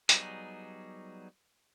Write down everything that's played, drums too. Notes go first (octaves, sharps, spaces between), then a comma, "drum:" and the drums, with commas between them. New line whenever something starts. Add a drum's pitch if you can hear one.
F#3 G3 B3 D#4 G#4, drum: hi-hat